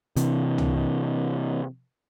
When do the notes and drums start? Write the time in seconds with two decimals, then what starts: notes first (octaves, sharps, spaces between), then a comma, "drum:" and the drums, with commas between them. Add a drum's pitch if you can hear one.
0.16 C3 E3, drum: hi-hat
0.58 drum: tom